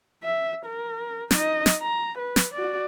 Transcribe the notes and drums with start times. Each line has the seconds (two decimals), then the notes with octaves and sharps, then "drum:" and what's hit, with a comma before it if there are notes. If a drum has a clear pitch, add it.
0.23 E5
0.65 A#4
1.31 D#4 D#5, drum: snare
1.66 drum: snare
1.82 A#5
2.18 B4
2.36 drum: snare
2.54 F#4 D5